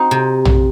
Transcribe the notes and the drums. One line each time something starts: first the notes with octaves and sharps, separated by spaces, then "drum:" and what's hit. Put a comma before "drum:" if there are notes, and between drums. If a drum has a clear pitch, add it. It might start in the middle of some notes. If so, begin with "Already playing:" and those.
Already playing: C4 D#4 F#4
C3
drum: tom A#1